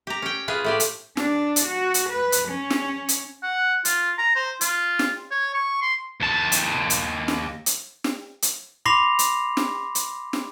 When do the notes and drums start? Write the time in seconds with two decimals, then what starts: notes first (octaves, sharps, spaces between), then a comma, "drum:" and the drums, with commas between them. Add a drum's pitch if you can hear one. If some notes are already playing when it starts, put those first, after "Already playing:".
0.07 G4 A#5
0.22 C#4 G5
0.48 F4 G#4 B4
0.64 A2 G4 D5
0.80 drum: hi-hat
1.17 D4, drum: snare
1.56 drum: hi-hat
1.66 F#4
1.94 drum: hi-hat
2.10 B4
2.32 drum: hi-hat
2.49 C#4
2.70 drum: snare
3.09 drum: hi-hat
3.43 F#5
3.85 F4, drum: hi-hat
4.18 A#5
4.35 C5
4.61 F4, drum: hi-hat
4.99 drum: snare
5.31 C#5
5.54 C#6
5.81 C6
6.21 D#2 A5
6.52 drum: hi-hat
6.90 drum: hi-hat
7.28 drum: snare
7.66 drum: hi-hat
8.04 drum: snare
8.42 drum: hi-hat
8.85 B5 C6 D6 A#6 C7 F7
9.19 drum: hi-hat
9.57 drum: snare
9.95 drum: hi-hat
10.33 drum: snare